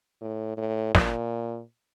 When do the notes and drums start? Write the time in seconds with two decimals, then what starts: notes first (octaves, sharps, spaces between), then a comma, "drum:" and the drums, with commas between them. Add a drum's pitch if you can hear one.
0.21 A2
0.57 A2
0.95 A#2, drum: snare